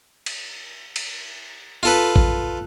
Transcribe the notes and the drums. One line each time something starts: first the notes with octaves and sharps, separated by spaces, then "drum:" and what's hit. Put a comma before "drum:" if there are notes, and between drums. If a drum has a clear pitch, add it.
drum: cymbal
drum: cymbal
F4 A4 B4
drum: kick